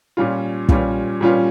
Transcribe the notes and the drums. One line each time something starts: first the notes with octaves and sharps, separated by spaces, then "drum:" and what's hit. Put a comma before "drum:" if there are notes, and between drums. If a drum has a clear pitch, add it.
A#2 G3 C#4 F4
A#2 G3 C#4 F4, drum: kick
A#2 G3 C#4 F4